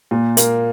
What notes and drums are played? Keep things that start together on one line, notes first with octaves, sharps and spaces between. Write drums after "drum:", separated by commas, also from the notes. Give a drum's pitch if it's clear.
A#2
A#3, drum: hi-hat